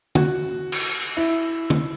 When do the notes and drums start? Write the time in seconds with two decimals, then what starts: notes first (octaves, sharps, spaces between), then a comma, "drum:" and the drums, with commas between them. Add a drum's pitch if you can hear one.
0.15 F#4, drum: tom
0.72 drum: cymbal
1.17 E4
1.70 drum: tom